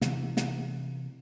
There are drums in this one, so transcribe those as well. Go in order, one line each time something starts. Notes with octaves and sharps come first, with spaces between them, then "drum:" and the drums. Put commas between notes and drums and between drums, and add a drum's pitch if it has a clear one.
C3 E3, drum: snare
drum: snare